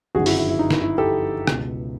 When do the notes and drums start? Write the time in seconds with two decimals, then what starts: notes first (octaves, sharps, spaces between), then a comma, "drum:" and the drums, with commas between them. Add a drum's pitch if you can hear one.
0.15 G1 F#2 D#3 F#4 G#4
0.26 E4 F#4, drum: open hi-hat
0.37 E4
0.49 E4
0.59 D#4
0.70 E4, drum: snare
0.81 E4
0.98 G4 A4
1.47 C#2 B2, drum: rim click